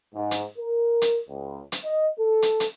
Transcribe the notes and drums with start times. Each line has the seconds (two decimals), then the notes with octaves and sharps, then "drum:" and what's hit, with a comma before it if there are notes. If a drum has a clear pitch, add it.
0.13 G#2
0.31 drum: hi-hat
0.58 A#4
1.02 drum: hi-hat
1.28 C#2
1.72 drum: hi-hat
1.84 D#5
2.18 A4
2.42 drum: hi-hat
2.60 drum: hi-hat